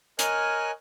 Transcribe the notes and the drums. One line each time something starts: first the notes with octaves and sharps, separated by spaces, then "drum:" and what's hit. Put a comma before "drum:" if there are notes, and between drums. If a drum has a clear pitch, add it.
A#4 C#5 D#5 G#5 F6 F#6, drum: hi-hat